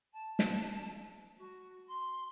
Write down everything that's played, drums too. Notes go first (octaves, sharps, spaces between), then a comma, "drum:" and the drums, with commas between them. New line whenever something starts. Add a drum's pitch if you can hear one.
A5
drum: snare
F#4
C6